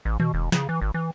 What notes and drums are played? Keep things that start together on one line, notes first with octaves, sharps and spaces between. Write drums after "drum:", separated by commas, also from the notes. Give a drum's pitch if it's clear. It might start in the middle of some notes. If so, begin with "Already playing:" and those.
A1
B2, drum: tom D#3
E1
C#3, drum: snare
E3
G#1
E3